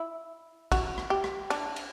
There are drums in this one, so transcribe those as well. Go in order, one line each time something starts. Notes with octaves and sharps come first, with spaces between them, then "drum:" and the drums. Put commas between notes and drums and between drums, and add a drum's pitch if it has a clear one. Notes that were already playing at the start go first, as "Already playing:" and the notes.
Already playing: E4
F#4, drum: kick, cymbal
drum: rim click
G4
drum: rim click
D4, drum: cymbal
drum: cymbal